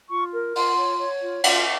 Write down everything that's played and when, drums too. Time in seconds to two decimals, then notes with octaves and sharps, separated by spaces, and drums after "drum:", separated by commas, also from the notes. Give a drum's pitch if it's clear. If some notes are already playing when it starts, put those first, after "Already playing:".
0.11 F4 C#6
0.34 A#4
0.56 F4 C6, drum: open hi-hat
0.78 C#5
1.00 C#5
1.22 F4
1.44 F4, drum: cymbal